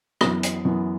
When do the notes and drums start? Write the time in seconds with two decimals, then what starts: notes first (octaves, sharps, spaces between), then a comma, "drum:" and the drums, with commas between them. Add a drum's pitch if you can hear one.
0.21 F#2 E3 B3 D#6, drum: rim click
0.43 drum: hi-hat
0.65 F#2 E3 B3